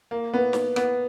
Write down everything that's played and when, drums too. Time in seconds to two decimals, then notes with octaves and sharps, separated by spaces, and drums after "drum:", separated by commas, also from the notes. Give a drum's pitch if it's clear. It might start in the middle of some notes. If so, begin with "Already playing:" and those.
0.11 A#3
0.34 B3
0.53 drum: snare
0.76 B3, drum: rim click